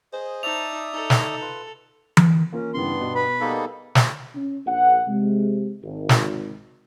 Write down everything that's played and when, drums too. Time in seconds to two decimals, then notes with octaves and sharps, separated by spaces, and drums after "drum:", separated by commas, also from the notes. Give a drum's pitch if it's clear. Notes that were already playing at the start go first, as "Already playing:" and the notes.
0.13 G#4 C5 D#5
0.43 D#4 D5 E5 A5 D#6 F7
0.94 D#4 A4
1.10 drum: snare
1.41 F4 B4
2.17 drum: tom E3
2.53 A#3 C#4 F4 A#4
2.74 G2 C#3 E3 G3 B3 C6
3.01 B2
3.15 B4 B5
3.40 G3 A#3 B3 D#4 G#4 A4
3.95 drum: snare
4.35 C#4
4.66 A#1 F#5
5.08 C3 G#3
5.83 G#1
6.09 drum: snare